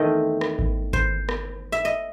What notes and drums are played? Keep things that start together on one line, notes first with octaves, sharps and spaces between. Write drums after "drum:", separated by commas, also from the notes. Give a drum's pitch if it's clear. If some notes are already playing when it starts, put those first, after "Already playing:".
Already playing: E2 D#3 A3 C4 D#5
drum: rim click
drum: kick G#1
C5, drum: kick G#1
drum: rim click
E5
D#5